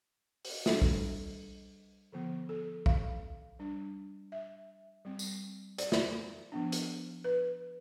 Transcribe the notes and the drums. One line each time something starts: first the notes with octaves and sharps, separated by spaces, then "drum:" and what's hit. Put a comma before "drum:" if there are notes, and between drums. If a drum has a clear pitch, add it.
drum: open hi-hat
G3 D4 A4, drum: snare
drum: kick B1
D3 F3 B3
A4
F5, drum: kick B1
G3 D4
E5
G3 C4
drum: tambourine
D5, drum: hi-hat
drum: snare
F3 B3 D4
drum: hi-hat
B4